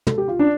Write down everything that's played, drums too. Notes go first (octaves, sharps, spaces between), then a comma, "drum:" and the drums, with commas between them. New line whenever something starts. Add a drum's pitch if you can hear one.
A4, drum: tom
G4
F4
D4